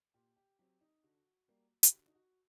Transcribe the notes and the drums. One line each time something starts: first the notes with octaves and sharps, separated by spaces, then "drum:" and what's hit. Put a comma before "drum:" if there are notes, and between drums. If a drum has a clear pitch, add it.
A#2 G4
G4
F#3 C4 G4
D#4
D3 F#4
G3 A#3
G4, drum: hi-hat
D3 F#4
D#4
F#4